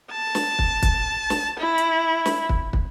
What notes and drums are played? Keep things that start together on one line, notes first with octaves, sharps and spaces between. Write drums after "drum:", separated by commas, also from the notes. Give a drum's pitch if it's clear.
A5
drum: snare
drum: kick
drum: kick, hi-hat
drum: snare
E4
drum: hi-hat
drum: snare
drum: kick
drum: kick